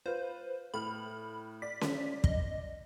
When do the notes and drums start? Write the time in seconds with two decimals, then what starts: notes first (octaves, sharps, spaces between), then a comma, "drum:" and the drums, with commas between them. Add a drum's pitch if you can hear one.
0.06 F4 B4 C5
0.74 A2 B5 F6
1.62 D5 B6
1.81 drum: snare C#4
2.24 D#5, drum: kick